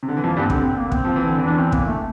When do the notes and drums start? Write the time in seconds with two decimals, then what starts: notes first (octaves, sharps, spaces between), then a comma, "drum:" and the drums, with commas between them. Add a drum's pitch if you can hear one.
0.03 C3
0.09 D3
0.17 E3
0.23 F2 F3 A#3
0.37 G2 G3
0.43 C4
0.50 D3, drum: kick
0.64 C4
0.78 A#3
0.92 C4, drum: kick
1.05 F3
1.16 E3
1.27 D3
1.38 E2 E3
1.45 D4
1.59 C4
1.72 A#3, drum: kick
1.86 A3